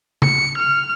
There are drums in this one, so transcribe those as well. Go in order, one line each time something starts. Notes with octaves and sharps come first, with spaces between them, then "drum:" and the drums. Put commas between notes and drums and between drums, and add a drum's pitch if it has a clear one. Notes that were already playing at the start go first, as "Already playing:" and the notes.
C#7, drum: tom C#3
F6